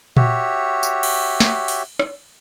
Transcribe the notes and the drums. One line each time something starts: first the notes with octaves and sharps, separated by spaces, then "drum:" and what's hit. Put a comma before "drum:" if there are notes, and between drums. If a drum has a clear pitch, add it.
F#4 G4 C#5 E5, drum: tom A#2
drum: tambourine
drum: cymbal
drum: snare
drum: open hi-hat
drum: rim click